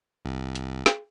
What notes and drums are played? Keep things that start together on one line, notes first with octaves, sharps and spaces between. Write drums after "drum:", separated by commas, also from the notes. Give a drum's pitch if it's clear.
C2
drum: hi-hat
drum: snare